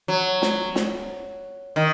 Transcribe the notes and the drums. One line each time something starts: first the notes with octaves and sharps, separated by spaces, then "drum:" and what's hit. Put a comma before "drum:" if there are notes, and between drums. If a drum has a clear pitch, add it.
F#3
drum: snare
drum: snare
D#3